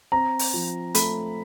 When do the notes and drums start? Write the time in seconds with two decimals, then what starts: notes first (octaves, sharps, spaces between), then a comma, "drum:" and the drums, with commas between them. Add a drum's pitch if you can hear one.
0.12 C4 A#5
0.39 drum: open hi-hat
0.54 F3
0.95 A3 B5, drum: hi-hat